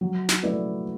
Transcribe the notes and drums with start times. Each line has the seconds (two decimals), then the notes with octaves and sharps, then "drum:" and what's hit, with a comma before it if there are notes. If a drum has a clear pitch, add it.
0.01 F#3
0.29 drum: snare
0.43 A3 E4 B4 D5